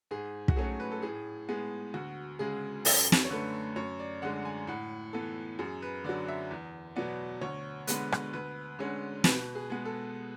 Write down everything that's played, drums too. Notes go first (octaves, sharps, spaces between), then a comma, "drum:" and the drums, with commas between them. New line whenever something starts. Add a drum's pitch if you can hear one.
G#2 G#4
F#4, drum: kick
F#3 A3 C#4 G#4
B4
A4
A2 G#4
G#3 B3 G#4
D2 F#4
C#3 G#3 G#4
F#2 A4, drum: open hi-hat
drum: snare
C#5
D3 A3 B4
F#2 C#5
D5
D3 G#3 C#4 F#5
G#5
A2 F#5
E3 B3 A4
F#2 G#4
B4
D3 F#3 D5
E5
E2
B2 F#3 B3 D5
D2 C#5
D3 G#3 B3 B4, drum: hi-hat
drum: rim click
D2 B4
D3 G#3 C#4
B2 B4, drum: snare
G#4
G#3 B3
A4